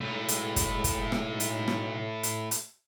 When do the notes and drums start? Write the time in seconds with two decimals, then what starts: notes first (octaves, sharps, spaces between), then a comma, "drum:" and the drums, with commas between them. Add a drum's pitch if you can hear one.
0.01 B1 A2 G#3
0.28 drum: hi-hat
0.56 drum: kick, hi-hat
0.84 drum: kick, hi-hat
1.12 drum: rim click
1.40 drum: hi-hat
1.68 drum: rim click
2.23 drum: hi-hat
2.51 drum: hi-hat